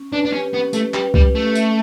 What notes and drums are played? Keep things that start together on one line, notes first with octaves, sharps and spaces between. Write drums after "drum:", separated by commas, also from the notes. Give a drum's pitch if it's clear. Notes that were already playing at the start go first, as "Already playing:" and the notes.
Already playing: C#4
D4 B4
D4
C#4 G4
B3 C#4
A3 C#4, drum: tambourine
G3 B4, drum: clap
G3 G4, drum: kick C2
A3 C#4
E5, drum: tambourine